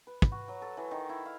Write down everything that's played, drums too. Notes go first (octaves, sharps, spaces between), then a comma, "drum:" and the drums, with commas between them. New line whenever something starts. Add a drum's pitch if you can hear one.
B4
drum: kick
F#4
F#3
A4
E3
D#3
E4
F5